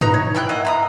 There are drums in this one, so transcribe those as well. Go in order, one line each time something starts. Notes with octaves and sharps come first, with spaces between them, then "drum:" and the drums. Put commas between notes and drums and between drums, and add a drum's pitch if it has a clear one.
D#4 B4 A#5, drum: tom G2
C#5
E4 E5 G5 F#6
A#3 D#5 E5 F#5
A#5 B5 D#6